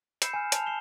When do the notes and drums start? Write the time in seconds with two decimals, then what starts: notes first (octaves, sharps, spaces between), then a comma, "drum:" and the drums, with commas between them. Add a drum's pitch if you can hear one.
0.22 B5 E6 G6 C7 C#7 E7, drum: hi-hat
0.34 G#5 F6
0.52 A5 F6 F7, drum: hi-hat
0.66 C7 E7 G7